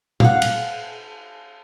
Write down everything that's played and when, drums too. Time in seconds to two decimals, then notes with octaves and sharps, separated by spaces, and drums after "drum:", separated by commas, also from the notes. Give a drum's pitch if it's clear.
0.20 F5 F#5, drum: tom A#2
0.42 drum: cymbal